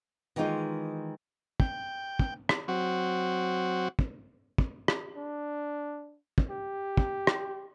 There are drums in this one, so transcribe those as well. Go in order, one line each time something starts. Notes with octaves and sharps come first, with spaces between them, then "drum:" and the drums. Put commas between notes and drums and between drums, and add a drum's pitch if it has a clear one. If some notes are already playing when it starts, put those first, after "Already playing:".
D#3 E3 G#3 D#4 F4
G5, drum: kick
drum: kick
drum: rim click
F#3 C4 F#4
drum: kick
drum: kick
drum: rim click
D4
drum: kick
G4
drum: kick
drum: rim click